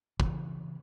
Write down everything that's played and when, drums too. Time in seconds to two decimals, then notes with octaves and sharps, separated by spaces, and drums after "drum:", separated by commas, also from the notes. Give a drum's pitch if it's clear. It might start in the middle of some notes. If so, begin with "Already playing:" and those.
0.20 C#3 E3, drum: kick